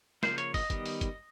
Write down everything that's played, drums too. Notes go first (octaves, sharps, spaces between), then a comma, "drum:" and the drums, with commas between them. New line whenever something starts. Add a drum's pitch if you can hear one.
C#3 F3 A#3 C5, drum: snare
C#5, drum: hi-hat
D#5, drum: kick, open hi-hat
D#3 G3 B3, drum: kick, hi-hat
drum: open hi-hat
drum: kick, hi-hat